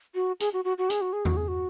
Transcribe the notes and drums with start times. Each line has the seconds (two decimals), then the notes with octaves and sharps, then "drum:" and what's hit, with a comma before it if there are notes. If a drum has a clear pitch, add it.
0.15 F#4
0.40 G#4, drum: hi-hat
0.53 F#4
0.65 F#4
0.78 F#4
0.90 G#4, drum: hi-hat
1.01 F#4
1.13 G#4
1.25 F#4, drum: tom E2
1.37 G#4
1.48 F#4